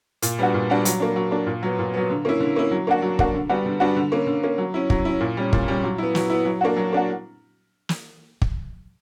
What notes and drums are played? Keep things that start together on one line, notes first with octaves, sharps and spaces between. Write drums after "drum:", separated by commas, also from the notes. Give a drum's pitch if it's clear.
A#2, drum: hi-hat
G3 B3 D4 F#4
A#2
G3 B3 D4 F#4
F#3, drum: hi-hat
A#3 D4
F#3
A#3 D4
A#2
F#3 B3
A#2
F#3 B3
D3
A#3 C#4 E4
D3
A#3 C#4 E4
F#3
A#3 D4 F#4
F#3
A#3 D4 F#4, drum: kick
D3
G3 B3 D4 F#4
D3
G3 B3 D4 F#4
D3
A#3 C#4
D3
A#3 C#4
F#3
C#4 E4
F#3, drum: kick
C#4 E4
A#2
G3 C#4
A#2, drum: kick
G3 C#4
F#3
B3 E4
F#3, drum: snare
B3 E4
F#3
A#3 D4 F#4
F#3
A#3 D4 F#4
drum: snare
drum: kick